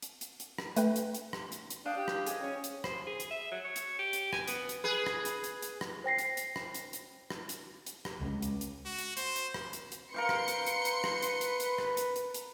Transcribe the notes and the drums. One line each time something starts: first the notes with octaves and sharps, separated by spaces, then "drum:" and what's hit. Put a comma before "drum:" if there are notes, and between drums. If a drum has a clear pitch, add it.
drum: hi-hat
drum: hi-hat
drum: hi-hat
drum: rim click
A3 B4 G5, drum: hi-hat
drum: hi-hat
drum: hi-hat
drum: rim click
drum: hi-hat
drum: hi-hat
D4 F5 G5 D#6
G4
drum: rim click
G#4 D#5, drum: hi-hat
C#4
drum: hi-hat
C5, drum: rim click
G#4
drum: hi-hat
E5
F#3
C#5
drum: hi-hat
G4
drum: hi-hat
G#5, drum: rim click
B3, drum: hi-hat
drum: hi-hat
G#4 B4
drum: rim click
drum: hi-hat
drum: hi-hat
drum: hi-hat
drum: rim click
C5 G5 A#6 C7
drum: hi-hat
drum: hi-hat
drum: rim click
drum: hi-hat
drum: hi-hat
drum: rim click
drum: hi-hat
drum: hi-hat
drum: rim click
C#2
drum: hi-hat
drum: hi-hat
F#4
drum: hi-hat
C5, drum: hi-hat
drum: hi-hat
drum: rim click
drum: hi-hat
drum: hi-hat
A#4 B4 F5 G5 C6 C#7
drum: rim click
drum: hi-hat
drum: hi-hat
drum: hi-hat
drum: rim click
drum: hi-hat
drum: hi-hat
drum: hi-hat
drum: rim click
drum: hi-hat
drum: hi-hat
drum: hi-hat